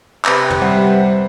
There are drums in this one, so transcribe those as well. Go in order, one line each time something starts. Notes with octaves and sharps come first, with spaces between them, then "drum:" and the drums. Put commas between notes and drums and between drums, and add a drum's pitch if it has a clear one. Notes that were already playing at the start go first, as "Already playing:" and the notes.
C3 B4, drum: clap
drum: tom
G3 C5 F#5